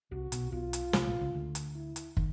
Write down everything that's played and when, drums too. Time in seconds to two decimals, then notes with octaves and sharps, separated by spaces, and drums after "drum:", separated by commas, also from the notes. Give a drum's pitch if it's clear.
0.12 C2 C3 F#4
0.32 B1 B2, drum: hi-hat
0.52 B1 B2 F4
0.73 drum: hi-hat
0.93 C2 C3, drum: snare
1.07 A#1 A#2
1.21 C#2 C#3
1.34 D2 D3
1.55 drum: hi-hat
1.76 E4
1.96 drum: hi-hat
2.17 D#3, drum: kick